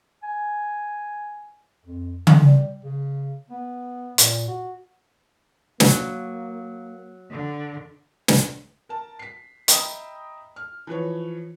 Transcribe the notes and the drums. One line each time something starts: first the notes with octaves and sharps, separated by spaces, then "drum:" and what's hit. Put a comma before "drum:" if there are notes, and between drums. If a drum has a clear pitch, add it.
G#5
F2
D3, drum: tom C#3
G3
C#3
B3
A#2, drum: hi-hat
F#4
F#3 A#3, drum: snare
D3
drum: snare
A#4 A5
B6 C7
D#5 E5 G5 A#5 B5 D#6, drum: hi-hat
F6
E3 F3 B4 C#5